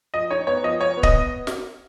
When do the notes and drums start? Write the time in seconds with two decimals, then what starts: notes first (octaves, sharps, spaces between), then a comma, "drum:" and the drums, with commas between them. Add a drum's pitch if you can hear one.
0.14 F3 D#5
0.31 D#4 C#5
0.47 B3 C#5
0.63 F3 D#5
0.80 F4 C#5
0.97 B3
1.03 D#5, drum: kick
1.47 drum: snare